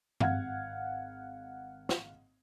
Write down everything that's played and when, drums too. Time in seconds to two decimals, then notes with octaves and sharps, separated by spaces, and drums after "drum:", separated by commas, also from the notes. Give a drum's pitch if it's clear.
0.20 G#1 F5 F#5 G#6, drum: tom G2
1.89 drum: snare